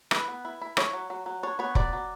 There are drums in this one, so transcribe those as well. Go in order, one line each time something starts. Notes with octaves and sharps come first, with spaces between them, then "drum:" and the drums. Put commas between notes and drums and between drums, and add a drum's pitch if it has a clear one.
E4 B4, drum: rim click
B3
E4
E4
E4 C#5, drum: rim click
F#3
F#3
F#3
D4 C#5
B3 C#5
F#3 D5, drum: kick F1
F#3